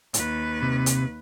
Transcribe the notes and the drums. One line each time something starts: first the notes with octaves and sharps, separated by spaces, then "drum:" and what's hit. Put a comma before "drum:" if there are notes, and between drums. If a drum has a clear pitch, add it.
D#2 B4, drum: hi-hat
C3
drum: hi-hat